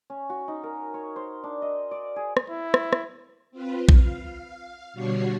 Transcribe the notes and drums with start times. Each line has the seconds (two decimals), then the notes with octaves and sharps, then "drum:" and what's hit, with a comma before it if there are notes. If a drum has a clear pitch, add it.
0.10 C#4
0.30 F#4
0.48 D#4
0.63 A#4
0.94 C#5
1.16 C5
1.44 D4
1.62 D#5
1.91 D5
2.16 G#4
2.37 drum: rim click
2.50 E4
2.74 drum: rim click
2.93 drum: rim click
3.51 C4 F4 B4
3.89 F5, drum: kick A#1
4.93 B2 D3 G3 F#4 C#5 C7